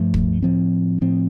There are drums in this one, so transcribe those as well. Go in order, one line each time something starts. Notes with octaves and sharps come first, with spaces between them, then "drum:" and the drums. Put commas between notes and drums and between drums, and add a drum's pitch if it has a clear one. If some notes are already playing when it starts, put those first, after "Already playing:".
Already playing: G2 F3 A3
drum: kick
A2 F3 C4
A2 F3 C4